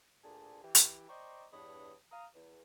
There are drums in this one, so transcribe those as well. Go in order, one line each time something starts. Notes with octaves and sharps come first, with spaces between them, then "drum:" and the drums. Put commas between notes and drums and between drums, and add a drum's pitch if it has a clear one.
D2 A#2 D3 G#4 A5
E3 G4
drum: hi-hat
C5 D5 D#5 G5 A#5 C#6
E2 G2 D4 C#5 B5 D#6
F5 A#5 D#6
E2